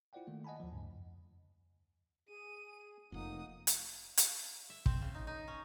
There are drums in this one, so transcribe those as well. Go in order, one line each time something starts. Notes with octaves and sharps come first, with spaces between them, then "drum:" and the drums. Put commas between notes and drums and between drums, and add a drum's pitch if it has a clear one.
E4 F4 C5 D5 F#5 G5
D#3 A3 A#3
D#5 F#5 G#5 A5 B5
D#2 F3
D2 G2 C#3
F2
G#4 D#7
F1 F2 A#3 D#4 F#5 D#6
drum: hi-hat
drum: hi-hat
E5
C4, drum: kick
C#3
D#4
D#4
C#4